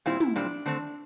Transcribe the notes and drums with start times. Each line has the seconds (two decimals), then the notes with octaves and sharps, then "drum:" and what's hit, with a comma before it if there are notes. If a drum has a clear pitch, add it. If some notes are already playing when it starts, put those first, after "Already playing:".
0.06 A#2 G3 C4 E4
0.20 E4, drum: tom
0.36 A#2 G3 C4 D4
0.66 D3 A3 C4